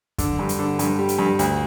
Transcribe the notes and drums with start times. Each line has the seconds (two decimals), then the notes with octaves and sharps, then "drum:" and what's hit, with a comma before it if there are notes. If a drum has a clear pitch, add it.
0.18 D3, drum: kick F2, hi-hat
0.39 G2
0.49 drum: hi-hat
0.59 D3
0.79 G2, drum: hi-hat
0.99 G3
1.09 drum: hi-hat
1.19 G2
1.39 D2, drum: hi-hat